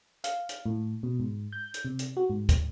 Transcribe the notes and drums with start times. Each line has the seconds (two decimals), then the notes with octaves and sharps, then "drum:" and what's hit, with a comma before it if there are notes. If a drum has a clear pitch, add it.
0.24 F5, drum: hi-hat
0.49 drum: hi-hat
0.66 A2
1.03 B2
1.20 G#2
1.53 G6
1.74 drum: hi-hat
1.85 C3
1.99 drum: hi-hat
2.17 F#4
2.30 G#2
2.49 drum: kick, hi-hat